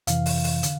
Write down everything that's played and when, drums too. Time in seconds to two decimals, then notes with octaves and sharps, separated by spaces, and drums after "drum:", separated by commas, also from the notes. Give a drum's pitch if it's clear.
0.07 F2 C3 E3 F5, drum: hi-hat
0.26 drum: open hi-hat
0.44 drum: open hi-hat
0.63 D3, drum: hi-hat